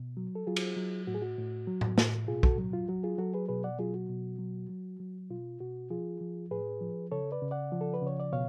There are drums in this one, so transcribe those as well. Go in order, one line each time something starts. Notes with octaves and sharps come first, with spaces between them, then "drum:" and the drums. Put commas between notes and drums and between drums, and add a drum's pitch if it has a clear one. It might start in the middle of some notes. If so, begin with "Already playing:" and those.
Already playing: B2
F#3
A4
F#3 F4 G#4
drum: cymbal
F#3
A2 F#4
G#4
F#4
A2
F#3
drum: tom A2
A2, drum: snare
B2 F4 G#4
F#4 A4, drum: kick
F#3
F4
F#3 F#4
F4 G#4
F#3 F#4 A4
G#4 B4
B2 G#4 B4
D5 F#5
F#3 F4 G#4
F#4
B2
F#3
F#3
F#3
B2 F4
B2 F#4
F3 F4 G#4
F3
A2 G#4 B4
F3
C#3 A4 C#5
B4 D5
C#3
D5 F#5
F3
A4
B4
C#3 C#5
D5
B2 C#5 F5